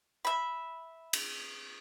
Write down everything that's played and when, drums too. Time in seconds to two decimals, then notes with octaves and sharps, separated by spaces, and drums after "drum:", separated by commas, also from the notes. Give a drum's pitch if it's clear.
0.25 E5 B5
1.13 drum: cymbal